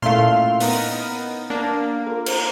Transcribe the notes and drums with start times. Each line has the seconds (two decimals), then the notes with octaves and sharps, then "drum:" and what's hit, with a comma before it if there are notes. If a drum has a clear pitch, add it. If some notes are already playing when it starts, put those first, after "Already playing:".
0.02 A#2 A3 C#4 E4 F5 C6 F6
0.60 B3 D#4 A#4, drum: open hi-hat
1.50 A#3 D4
2.06 F4 A#4
2.26 C5 A#5, drum: cymbal